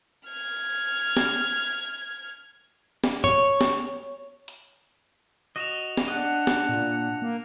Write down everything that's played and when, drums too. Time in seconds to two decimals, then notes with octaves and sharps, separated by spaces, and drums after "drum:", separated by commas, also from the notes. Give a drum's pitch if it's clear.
0.29 F6 G#6
1.17 drum: snare
3.04 drum: snare
3.24 C#5, drum: tom G2
3.61 drum: snare
4.48 drum: hi-hat
5.56 F#4 D#5 A#6 E7 F7
5.97 drum: snare
6.08 D4 D#5 F#5
6.47 drum: snare
6.69 A#2
7.22 A#3